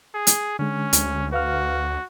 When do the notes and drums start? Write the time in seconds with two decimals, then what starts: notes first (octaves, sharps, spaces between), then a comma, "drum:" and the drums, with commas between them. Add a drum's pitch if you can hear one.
0.14 G#4
0.27 drum: hi-hat
0.59 D3 G#3 C#4
0.93 D2, drum: hi-hat
1.32 F#4 B4 F5 F6